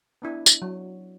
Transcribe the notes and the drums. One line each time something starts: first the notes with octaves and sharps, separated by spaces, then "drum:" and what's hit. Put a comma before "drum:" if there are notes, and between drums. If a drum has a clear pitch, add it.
B3 D4 E4
drum: tambourine
F#3